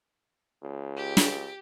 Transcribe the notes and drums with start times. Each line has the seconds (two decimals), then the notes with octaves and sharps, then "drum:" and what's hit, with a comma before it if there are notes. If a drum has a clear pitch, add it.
0.63 C#2
0.97 G4
1.17 drum: snare